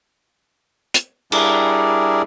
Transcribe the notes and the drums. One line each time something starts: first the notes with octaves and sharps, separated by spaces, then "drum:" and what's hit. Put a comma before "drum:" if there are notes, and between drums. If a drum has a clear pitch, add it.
drum: hi-hat
G3 D4 E4 G#4 A#4 D5, drum: cymbal